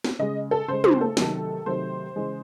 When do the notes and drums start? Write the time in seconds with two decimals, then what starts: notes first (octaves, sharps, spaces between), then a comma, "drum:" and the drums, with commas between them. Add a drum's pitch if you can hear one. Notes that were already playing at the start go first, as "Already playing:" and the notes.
0.04 drum: snare
0.19 C#3 G#3 D#5
0.51 A4
0.68 C#3 G#3 C5
0.84 C5, drum: tom
1.01 A4
1.17 C3 D#3 F#3 A3, drum: snare
1.66 C3 D#3 F#3 A3 C5
2.16 C#3 E3 G#3